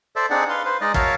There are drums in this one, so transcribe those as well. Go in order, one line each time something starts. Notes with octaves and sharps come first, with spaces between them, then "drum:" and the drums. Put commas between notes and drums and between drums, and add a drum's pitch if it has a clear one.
A4 C5 D5 E5
C4 D4 D#4 G#4 D5 F#5
B4 F5 C6
B4 C5
G#3 D#4 D5 D#5
F#4 A#4 C#5 E5 F5 A5, drum: kick